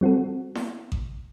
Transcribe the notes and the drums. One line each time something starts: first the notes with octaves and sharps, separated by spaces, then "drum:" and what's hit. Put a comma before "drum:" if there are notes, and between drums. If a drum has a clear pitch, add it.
G3 C4 F#4 A4
drum: snare E4
drum: kick A1